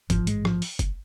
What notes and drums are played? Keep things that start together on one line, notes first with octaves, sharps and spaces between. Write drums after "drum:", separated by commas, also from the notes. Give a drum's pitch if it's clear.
A1 G#2 F3, drum: kick, hi-hat
G#3, drum: hi-hat
F3, drum: rim click
drum: open hi-hat
drum: kick, hi-hat